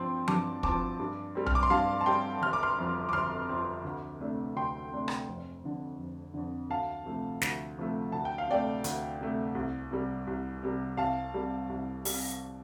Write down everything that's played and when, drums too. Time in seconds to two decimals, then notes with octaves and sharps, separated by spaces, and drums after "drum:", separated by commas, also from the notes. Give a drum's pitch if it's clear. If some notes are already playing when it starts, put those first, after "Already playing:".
Already playing: G2 F3 C4 G5 C6
0.28 G2 A5 D6, drum: tom F3
0.63 F3 C4 A5 D6, drum: kick
1.00 G2
1.35 G3 C4
1.46 F6, drum: tom B1
1.55 D6
1.63 C6
1.70 G2 F5 A5
2.01 A5
2.06 G3 C4 G5 C6
2.41 G1 F6
2.53 D6
2.63 C6 F6
2.78 F2 F3 C4
3.09 D6
3.13 G1 C6 F6
3.49 F2 F3 C4
3.85 D2
4.20 C3 A3 D4
4.55 D2 G5 C6
4.92 C3 A3 D4
5.08 drum: rim click
5.28 F1
5.64 F2 D3
5.99 F1
6.34 F2 D3
6.70 D2 F5 A5
7.05 C3 F3 A3
7.41 D2, drum: snare
7.78 C3 F3 A3
8.12 D2 A5
8.25 G5
8.38 F5
8.48 C3 A3 D5 G5
8.84 D2, drum: hi-hat
9.20 C3 A3
9.55 C2
9.91 C3 G3
10.27 C2
10.63 C3 G3
10.97 C2 F5 A5
11.34 C3 G3
11.69 C2
12.05 C3 G3, drum: open hi-hat